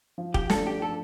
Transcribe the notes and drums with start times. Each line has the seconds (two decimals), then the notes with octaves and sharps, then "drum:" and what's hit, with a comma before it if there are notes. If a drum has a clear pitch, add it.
0.18 F3
0.34 G4, drum: kick E1
0.50 A3 D4 A4, drum: snare
0.67 G4
0.82 F3 A4